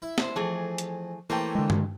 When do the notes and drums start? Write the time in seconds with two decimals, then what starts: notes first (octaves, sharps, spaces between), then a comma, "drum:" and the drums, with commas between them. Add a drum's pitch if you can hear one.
0.02 E4 E5
0.18 C5 C#5, drum: snare
0.36 F2 E3 A3 G#4
0.78 drum: hi-hat
1.30 E3 A3 A#3 G4 C5 C#5 G5
1.55 D3 G#3
1.70 drum: tom G2